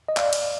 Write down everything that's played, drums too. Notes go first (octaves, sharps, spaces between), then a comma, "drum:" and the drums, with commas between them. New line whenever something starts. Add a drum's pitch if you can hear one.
D#5
D5 F5, drum: clap
drum: cymbal